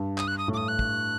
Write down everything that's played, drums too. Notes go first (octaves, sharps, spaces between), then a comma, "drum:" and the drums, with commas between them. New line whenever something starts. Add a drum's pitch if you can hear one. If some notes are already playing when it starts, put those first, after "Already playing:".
Already playing: G2
D#6, drum: clap
F#6
D#6
A2
D6
D#6
F#6
drum: kick